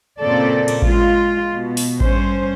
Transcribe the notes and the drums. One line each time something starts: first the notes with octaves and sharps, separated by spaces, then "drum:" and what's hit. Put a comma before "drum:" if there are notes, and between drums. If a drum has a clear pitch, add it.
A#2 C#3 C4 A4 D5
drum: cymbal
G#3 F4, drum: kick A1
B2
drum: open hi-hat
G2 C#4 C5, drum: kick A1